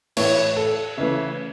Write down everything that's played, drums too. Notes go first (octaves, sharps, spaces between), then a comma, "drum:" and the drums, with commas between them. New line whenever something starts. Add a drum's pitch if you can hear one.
A2 E3 A3 C#5, drum: cymbal
A4
C#3 E3 A3 E5